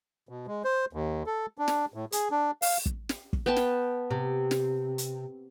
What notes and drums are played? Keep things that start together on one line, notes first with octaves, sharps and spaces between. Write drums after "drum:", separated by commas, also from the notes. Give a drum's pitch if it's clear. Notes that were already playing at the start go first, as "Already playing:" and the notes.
B2
G#3
C5
D#2
A4
D4
drum: snare
A2
G#4, drum: hi-hat
D4
F5, drum: open hi-hat
drum: kick
drum: snare
drum: kick
B3 G5 A5
drum: snare
C3
drum: snare
drum: hi-hat